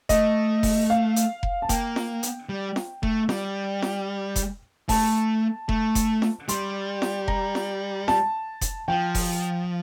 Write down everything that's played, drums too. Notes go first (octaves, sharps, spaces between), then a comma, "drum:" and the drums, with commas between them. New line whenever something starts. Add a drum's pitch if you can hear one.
A3 D#5, drum: kick F1, hi-hat
drum: kick F1, open hi-hat
F5
drum: hi-hat
drum: kick F1
A5
A#3 G5, drum: kick F1, hi-hat
drum: snare
drum: hi-hat
G3
drum: snare
A3, drum: kick F1
G3, drum: snare
drum: snare
drum: kick F1, hi-hat
A3 A5, drum: kick F1, open hi-hat
A3, drum: kick F1
drum: kick F1, hi-hat
drum: snare
G3 C6, drum: hi-hat
drum: snare
A#5, drum: kick F1
drum: snare
A5, drum: snare
drum: kick F1, hi-hat
F3 G5
drum: kick F1, open hi-hat